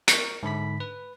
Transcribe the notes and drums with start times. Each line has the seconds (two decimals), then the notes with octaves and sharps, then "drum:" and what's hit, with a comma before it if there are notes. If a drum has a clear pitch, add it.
0.08 A#4 C#6, drum: hi-hat
0.43 G#2 D3 B5 B6
0.80 B4